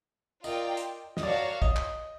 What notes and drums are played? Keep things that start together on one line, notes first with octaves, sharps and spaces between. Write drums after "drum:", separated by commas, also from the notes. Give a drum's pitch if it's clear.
F4 A#4 D5 D#5 G5, drum: tambourine
drum: hi-hat
D#5, drum: snare
F#4 A#4 C#5 D5 F5 A5
D#5, drum: kick
drum: clap